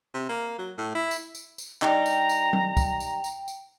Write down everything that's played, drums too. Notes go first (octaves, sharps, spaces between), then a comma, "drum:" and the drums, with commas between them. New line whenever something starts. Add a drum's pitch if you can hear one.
C3
A#3
F#3
A2
E4
drum: tambourine
drum: tambourine
drum: tambourine
G3 D#4 G5 A#5, drum: clap
drum: tambourine
drum: tambourine
drum: tom F#3
drum: kick, tambourine
drum: tambourine
drum: tambourine
drum: tambourine